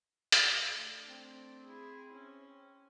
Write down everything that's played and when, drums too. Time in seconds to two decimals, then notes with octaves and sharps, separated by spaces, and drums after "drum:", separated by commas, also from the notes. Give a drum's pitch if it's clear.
0.32 drum: hi-hat
0.73 A3 D4
1.09 C4
1.64 E4 G#4
2.13 C#4